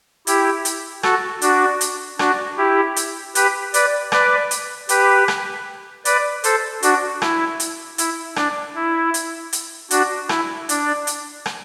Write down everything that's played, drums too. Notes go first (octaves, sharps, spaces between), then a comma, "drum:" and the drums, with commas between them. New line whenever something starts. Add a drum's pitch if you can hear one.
E4 G4, drum: hi-hat
drum: hi-hat
F#4 A4, drum: rim click
D4 F#4, drum: hi-hat
drum: hi-hat
D4 F#4, drum: rim click
E4 G4
drum: hi-hat
G4 B4, drum: hi-hat
B4 D5, drum: hi-hat
B4 D5, drum: rim click
drum: hi-hat
G4 B4, drum: hi-hat
drum: rim click
B4 D5, drum: hi-hat
A4 C5, drum: hi-hat
D4 F#4, drum: hi-hat
E4, drum: rim click
drum: hi-hat
E4, drum: hi-hat
D4, drum: rim click
E4
drum: hi-hat
drum: hi-hat
D4 F#4, drum: hi-hat
E4, drum: rim click
D4, drum: hi-hat
drum: hi-hat
drum: rim click